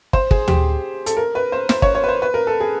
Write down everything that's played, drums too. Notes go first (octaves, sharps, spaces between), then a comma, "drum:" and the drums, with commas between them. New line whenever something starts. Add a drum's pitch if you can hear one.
C5, drum: kick
G#4, drum: kick
G4, drum: tom
A4, drum: hi-hat
A#4
B4
C5
C5, drum: snare
C#5, drum: kick
C#5
B4
C5
B4
A#4
A4
G#4